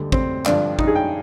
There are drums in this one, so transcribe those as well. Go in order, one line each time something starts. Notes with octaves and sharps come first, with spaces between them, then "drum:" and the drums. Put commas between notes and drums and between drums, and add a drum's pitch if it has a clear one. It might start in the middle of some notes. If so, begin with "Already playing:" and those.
Already playing: D2 D3 G3
C4, drum: kick
G2 D3 F3 D4, drum: clap
D#4, drum: kick
G#4
G5